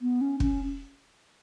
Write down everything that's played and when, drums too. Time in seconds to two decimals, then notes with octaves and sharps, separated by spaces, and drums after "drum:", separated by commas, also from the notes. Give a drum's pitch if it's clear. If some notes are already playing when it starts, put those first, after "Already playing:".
0.02 B3
0.21 C#4
0.40 C#4, drum: kick